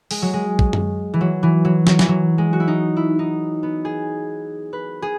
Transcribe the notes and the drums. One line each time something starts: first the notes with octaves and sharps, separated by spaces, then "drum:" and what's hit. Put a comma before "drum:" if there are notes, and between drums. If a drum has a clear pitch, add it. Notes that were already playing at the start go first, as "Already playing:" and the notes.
G#3, drum: open hi-hat
F#3
G#3
drum: kick
drum: tom F#2
E3
F#3
E3
F#3
F#3, drum: snare
E3, drum: snare
F#3
G#3
F#4
E4
D#4
E4
D#4
B3
G#4
B4
G#4